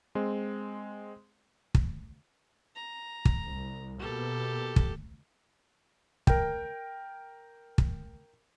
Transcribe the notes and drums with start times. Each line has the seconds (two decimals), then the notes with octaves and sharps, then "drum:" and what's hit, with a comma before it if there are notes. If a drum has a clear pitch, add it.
0.15 G#3 C4
1.75 drum: kick
2.76 A#5
3.25 drum: kick
3.43 C2
3.99 B2 A#3 G4 A4
4.76 drum: kick
6.27 A#4 G5, drum: kick
7.78 drum: kick